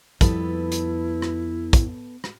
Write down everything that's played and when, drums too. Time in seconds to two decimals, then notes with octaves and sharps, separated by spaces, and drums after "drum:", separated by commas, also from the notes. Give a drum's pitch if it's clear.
0.21 F2 F3 G3 B3 E4 A4 B4, drum: kick, hi-hat
0.72 drum: hi-hat
1.22 drum: rim click
1.73 drum: kick, hi-hat
2.24 drum: rim click